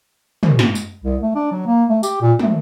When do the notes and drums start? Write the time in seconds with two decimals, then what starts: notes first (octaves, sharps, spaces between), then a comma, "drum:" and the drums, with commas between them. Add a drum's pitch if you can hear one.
0.43 drum: tom
0.59 drum: snare
0.75 drum: tambourine
1.04 C2
1.22 A3
1.35 D4
1.52 F#3
1.67 A#3
1.90 A3
2.03 G4, drum: tambourine
2.21 A#2
2.39 A3, drum: tom